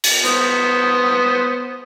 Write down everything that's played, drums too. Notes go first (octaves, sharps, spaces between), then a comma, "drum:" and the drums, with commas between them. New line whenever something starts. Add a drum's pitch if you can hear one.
drum: cymbal
B3 C5 D#6, drum: hi-hat